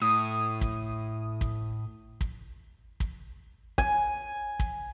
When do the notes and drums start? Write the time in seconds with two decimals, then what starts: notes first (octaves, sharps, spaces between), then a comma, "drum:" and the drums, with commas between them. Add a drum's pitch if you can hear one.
0.02 A2 D#6
0.61 drum: kick
1.41 drum: kick
2.21 drum: kick
3.00 drum: kick
3.78 G#5, drum: kick
4.59 drum: kick